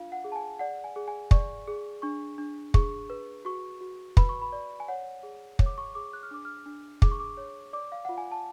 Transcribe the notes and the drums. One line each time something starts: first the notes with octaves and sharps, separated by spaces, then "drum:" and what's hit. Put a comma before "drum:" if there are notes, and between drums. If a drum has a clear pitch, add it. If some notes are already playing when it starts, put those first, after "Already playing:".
Already playing: D4 F4 F5
F#5
G#4
A5
G#5
D5 F#5
G#5
G#4
G#5
D5 C#6, drum: kick
G#4
D4 C#6
D4
G#4 C#6, drum: kick
B4
F#4 C#6
F#4
B4 B5, drum: kick
C#6
B5
D5
G#5
C#5 F#5
G#4
C#5, drum: kick
D6
C#6
G#4 D6
F#6
F6
D4 D6
F6
D4
G#4 D6, drum: kick
C#6
D6
C#5
D5 D6
F5
F4 F#5
G#5
A5